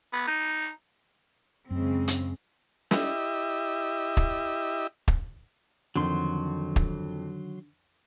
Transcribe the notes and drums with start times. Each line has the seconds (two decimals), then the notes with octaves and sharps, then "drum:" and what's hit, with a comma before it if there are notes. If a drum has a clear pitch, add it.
0.13 B3
0.27 D#4
1.71 F#2 C#3 G#3 C4
2.08 drum: hi-hat
2.91 E4 G4 D#5 E5, drum: snare
4.17 drum: kick
5.08 drum: kick
5.96 F2 D3 D#3 F#3 C6
6.76 drum: kick